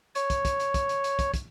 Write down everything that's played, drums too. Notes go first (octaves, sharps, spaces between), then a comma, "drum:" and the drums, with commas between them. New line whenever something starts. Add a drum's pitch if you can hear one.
C#5, drum: hi-hat
drum: kick, hi-hat
drum: kick, hi-hat
drum: hi-hat
drum: kick, hi-hat
drum: hi-hat
drum: hi-hat
drum: kick, hi-hat
drum: kick, hi-hat